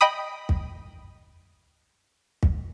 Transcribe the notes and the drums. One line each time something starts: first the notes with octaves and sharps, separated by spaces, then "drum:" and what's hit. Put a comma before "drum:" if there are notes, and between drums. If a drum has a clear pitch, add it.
D#5 G5 B5 D#6
drum: kick
drum: kick